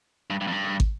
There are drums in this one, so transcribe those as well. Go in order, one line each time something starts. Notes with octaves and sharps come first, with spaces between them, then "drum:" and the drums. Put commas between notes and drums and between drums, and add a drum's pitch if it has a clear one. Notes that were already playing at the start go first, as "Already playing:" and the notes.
G2
G2
F2
G2
drum: kick